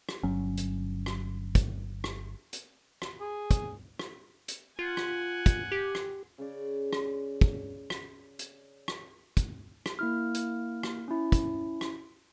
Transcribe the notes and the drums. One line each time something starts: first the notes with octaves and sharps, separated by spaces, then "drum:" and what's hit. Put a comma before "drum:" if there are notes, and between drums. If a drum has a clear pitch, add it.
drum: rim click
G1 F#3 C#4
drum: hi-hat
drum: rim click
drum: kick, hi-hat
drum: rim click
drum: hi-hat
drum: rim click
G#4
drum: kick, hi-hat
drum: rim click
drum: hi-hat
F4 F#5 G#5
drum: rim click
drum: kick, hi-hat
G4
drum: rim click
C#3 C#4 D5
drum: rim click
drum: kick
drum: rim click
drum: hi-hat
drum: rim click
drum: kick, hi-hat
drum: rim click
A#3 E4 F6
drum: hi-hat
drum: rim click
C#4 E4
drum: kick, hi-hat
drum: rim click